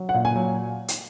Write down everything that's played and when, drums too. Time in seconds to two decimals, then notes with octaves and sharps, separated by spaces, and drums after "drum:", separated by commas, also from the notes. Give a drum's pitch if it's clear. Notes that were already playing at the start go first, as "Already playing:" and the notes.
Already playing: F#3
0.09 F#5
0.14 A#2
0.25 G#5
0.36 F#3
0.88 drum: hi-hat